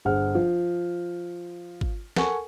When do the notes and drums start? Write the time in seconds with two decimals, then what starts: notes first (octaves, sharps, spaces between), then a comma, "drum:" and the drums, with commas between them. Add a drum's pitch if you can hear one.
0.05 G1 D4 G#4 C5 F#5 F6
0.35 F3
1.81 drum: kick
2.16 A4 A#4 F#5 G#5 C#6, drum: snare